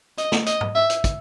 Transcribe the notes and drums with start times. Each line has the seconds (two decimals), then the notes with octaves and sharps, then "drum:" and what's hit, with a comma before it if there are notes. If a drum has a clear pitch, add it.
0.18 D#5, drum: hi-hat
0.32 drum: snare
0.46 D#5, drum: hi-hat
0.61 drum: tom G#2
0.75 E5
0.90 drum: hi-hat
1.04 drum: kick, hi-hat